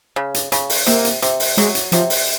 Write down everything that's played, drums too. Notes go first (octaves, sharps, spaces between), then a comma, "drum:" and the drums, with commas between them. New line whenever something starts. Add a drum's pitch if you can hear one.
C#3
drum: hi-hat
C#3, drum: hi-hat
drum: open hi-hat
C3 A#3, drum: hi-hat
drum: hi-hat
C3, drum: hi-hat
drum: open hi-hat
F#3 G#3, drum: hi-hat
drum: hi-hat
C3 F3, drum: hi-hat
drum: open hi-hat